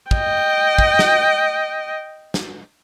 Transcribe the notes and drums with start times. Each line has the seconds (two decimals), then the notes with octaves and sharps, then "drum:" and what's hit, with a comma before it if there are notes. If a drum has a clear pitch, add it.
0.11 D#5 G5, drum: kick
0.78 drum: kick
0.99 drum: snare
2.34 drum: snare